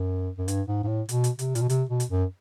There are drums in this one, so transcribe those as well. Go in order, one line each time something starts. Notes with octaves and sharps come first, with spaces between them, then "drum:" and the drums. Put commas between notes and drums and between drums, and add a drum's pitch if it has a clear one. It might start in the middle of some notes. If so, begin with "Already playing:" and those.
Already playing: F#2
F#2
G2, drum: hi-hat
G#2
G#2
A2
B2, drum: hi-hat
drum: hi-hat
C3, drum: hi-hat
A#2, drum: hi-hat
B2
C3, drum: hi-hat
B2
drum: hi-hat
F#2